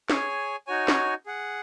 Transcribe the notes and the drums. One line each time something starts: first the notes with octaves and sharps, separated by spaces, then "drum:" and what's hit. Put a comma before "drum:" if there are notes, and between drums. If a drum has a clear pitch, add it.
G#4 C#5 G#5, drum: snare
D#4 F#4 C#5 G#5
drum: snare
G#4 F#5